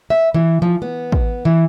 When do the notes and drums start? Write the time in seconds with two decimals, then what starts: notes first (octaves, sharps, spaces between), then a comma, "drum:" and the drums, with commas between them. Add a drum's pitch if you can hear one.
0.10 E5
0.34 E3
0.62 F3
0.82 B3
1.12 drum: kick
1.45 E3